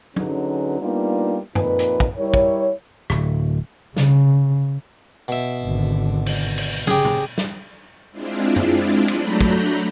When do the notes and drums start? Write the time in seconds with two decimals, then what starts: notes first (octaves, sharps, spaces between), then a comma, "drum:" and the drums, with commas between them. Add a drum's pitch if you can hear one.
0.16 D3 F#3 C#4 D#4 G#4 B4, drum: tom
0.81 G3 A#3 B3 D4 D#4 F4
1.55 F2 A#2 D#4 B4, drum: tom F#2
1.79 drum: hi-hat
2.00 drum: kick
2.17 G3 E4 A#4 C#5
2.34 drum: kick
3.10 D1, drum: rim click
3.97 C#3, drum: snare
5.28 B2 E5
5.64 G#1 D3
6.26 drum: cymbal
6.58 drum: cymbal
6.87 C#3 G4 G#4, drum: tom
7.05 drum: tom A#2
7.38 drum: snare
8.12 G#3 C4 D4 E4 F4
8.56 drum: tom F#2
9.08 F#3 A3 D4 A#5 B5 G6, drum: cymbal
9.41 drum: kick